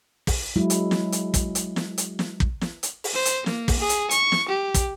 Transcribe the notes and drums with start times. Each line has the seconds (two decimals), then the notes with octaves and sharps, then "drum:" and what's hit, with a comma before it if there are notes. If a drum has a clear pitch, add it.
0.27 drum: kick, open hi-hat
0.56 F#3 G#3 E4
0.70 drum: hi-hat
0.91 drum: snare
1.12 drum: hi-hat
1.34 drum: kick, hi-hat
1.55 drum: hi-hat
1.76 drum: snare
1.98 drum: hi-hat
2.19 drum: snare
2.40 drum: kick
2.61 drum: snare
2.83 drum: hi-hat
3.04 drum: open hi-hat
3.14 C5
3.25 drum: hi-hat
3.46 A#3, drum: snare
3.68 drum: kick, open hi-hat
3.79 G#4
3.89 drum: hi-hat
4.11 C#6, drum: hi-hat
4.32 drum: snare
4.48 G4
4.74 drum: kick, hi-hat